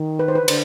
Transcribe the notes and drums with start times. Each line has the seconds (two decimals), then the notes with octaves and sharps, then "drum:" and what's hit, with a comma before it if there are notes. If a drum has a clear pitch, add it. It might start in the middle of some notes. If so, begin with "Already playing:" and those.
Already playing: D#3
0.19 B4
0.28 C5
0.35 B4
0.42 D#3
0.48 D3 C5, drum: cymbal